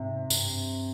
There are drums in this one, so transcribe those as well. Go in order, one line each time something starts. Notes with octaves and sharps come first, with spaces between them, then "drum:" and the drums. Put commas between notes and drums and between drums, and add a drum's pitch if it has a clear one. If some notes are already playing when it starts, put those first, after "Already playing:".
Already playing: G#2 C3
G2, drum: tambourine